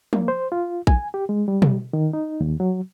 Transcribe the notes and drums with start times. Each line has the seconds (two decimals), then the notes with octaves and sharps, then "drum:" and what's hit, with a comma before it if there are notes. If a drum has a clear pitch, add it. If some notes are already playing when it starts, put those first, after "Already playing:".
0.13 A#3, drum: tom F3
0.28 C5
0.52 F4
0.87 G#5, drum: kick A#1
1.14 G4
1.29 G#3
1.48 G3
1.62 drum: tom B2
1.93 D#3
2.13 D#4
2.41 D#2
2.60 F#3